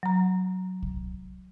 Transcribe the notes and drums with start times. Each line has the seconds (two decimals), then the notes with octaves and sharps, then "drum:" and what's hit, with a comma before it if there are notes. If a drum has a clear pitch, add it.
0.03 F#3 A#5
0.82 drum: kick